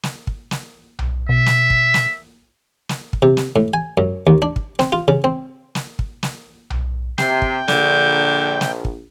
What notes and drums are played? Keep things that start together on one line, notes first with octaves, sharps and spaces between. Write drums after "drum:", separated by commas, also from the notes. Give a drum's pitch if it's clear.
drum: snare
drum: kick
drum: snare
drum: tom B1
B2 E5
drum: snare
drum: kick
drum: snare
drum: snare
drum: kick
C3
drum: snare
A2
G#5
F#2
D#2
D4
drum: kick
C4, drum: snare
F4
C#3
C4
drum: snare
drum: kick
drum: snare
drum: tom B1
C3 G5 C7, drum: snare
drum: kick
A#1 D3 G6, drum: snare
drum: snare
drum: kick